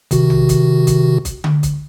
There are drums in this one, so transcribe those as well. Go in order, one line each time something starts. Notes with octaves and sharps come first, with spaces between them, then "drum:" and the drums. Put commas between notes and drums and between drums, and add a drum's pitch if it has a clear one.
C3 D#3 F#4, drum: kick, hi-hat
drum: tom A#1
drum: kick, hi-hat
drum: kick, hi-hat
drum: kick, hi-hat
drum: tom D3
drum: kick, hi-hat